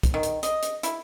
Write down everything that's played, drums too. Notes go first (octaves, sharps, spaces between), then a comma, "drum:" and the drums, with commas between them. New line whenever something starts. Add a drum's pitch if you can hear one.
drum: kick, hi-hat
D#3
drum: hi-hat
D#5, drum: hi-hat
drum: hi-hat
E4, drum: hi-hat